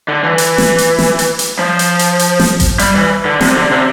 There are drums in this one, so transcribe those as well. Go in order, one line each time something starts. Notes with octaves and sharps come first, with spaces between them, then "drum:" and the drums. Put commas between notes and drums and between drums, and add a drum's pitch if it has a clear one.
D3
E3
drum: hi-hat
drum: snare
drum: hi-hat
drum: snare
drum: hi-hat
drum: hi-hat
F3
drum: hi-hat
drum: hi-hat
drum: hi-hat
drum: snare
drum: kick G#1, hi-hat
G3, drum: hi-hat
E3
D3
C3, drum: snare
D3
C3